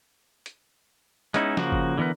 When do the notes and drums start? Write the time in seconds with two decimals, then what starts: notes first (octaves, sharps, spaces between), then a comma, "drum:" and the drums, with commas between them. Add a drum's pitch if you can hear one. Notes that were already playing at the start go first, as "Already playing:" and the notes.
0.46 drum: hi-hat
1.34 G#3 B3 C#4 D#4 E4, drum: hi-hat
1.57 C#3 F3 A#3 F#4, drum: snare
1.72 drum: kick F#1
1.98 D3 E3 B3 A#4 B4